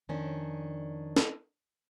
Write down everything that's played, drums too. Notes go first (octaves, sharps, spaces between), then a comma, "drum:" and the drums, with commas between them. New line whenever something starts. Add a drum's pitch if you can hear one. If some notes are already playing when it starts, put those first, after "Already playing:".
F2 D#3 C#4 D4
drum: snare